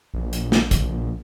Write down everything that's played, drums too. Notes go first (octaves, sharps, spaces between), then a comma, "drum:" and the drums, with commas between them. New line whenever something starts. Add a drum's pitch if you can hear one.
A#1
drum: hi-hat
drum: snare
drum: kick, hi-hat